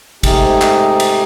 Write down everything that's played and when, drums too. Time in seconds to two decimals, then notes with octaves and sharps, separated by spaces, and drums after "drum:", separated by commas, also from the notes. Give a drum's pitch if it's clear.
0.23 G#2 C3 A3 D#4 G4 G#4, drum: kick G#1, cymbal
0.62 drum: clap
1.00 drum: cymbal